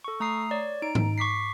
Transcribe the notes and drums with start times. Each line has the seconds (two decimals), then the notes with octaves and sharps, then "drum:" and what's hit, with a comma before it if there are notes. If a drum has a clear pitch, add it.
0.04 A4 C#6
0.20 A3 A#5 D#6 C7
0.51 C#5 D5
0.82 D#4 A#5 D7
0.95 drum: tom G#2
1.18 C#6 D6 B6 C7